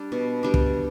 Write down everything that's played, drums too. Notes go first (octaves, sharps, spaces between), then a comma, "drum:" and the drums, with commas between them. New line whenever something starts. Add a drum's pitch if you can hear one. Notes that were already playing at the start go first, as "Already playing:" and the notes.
Already playing: G3 D4
B2
G3 D4
drum: kick